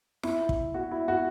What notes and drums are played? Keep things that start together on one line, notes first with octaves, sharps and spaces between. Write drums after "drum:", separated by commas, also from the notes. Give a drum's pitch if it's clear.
E4, drum: snare
drum: kick
F#4
E4
F#4